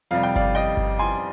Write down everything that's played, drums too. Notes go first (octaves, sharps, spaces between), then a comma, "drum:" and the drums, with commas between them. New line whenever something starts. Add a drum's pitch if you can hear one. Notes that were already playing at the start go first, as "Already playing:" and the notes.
F2 C3 G3 F5
G5
D5 F5, drum: kick G1
D#5 G5
drum: kick G1
G#5 C6